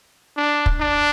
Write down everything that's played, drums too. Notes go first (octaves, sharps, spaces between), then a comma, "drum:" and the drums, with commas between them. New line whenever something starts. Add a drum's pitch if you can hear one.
D4
drum: kick
D4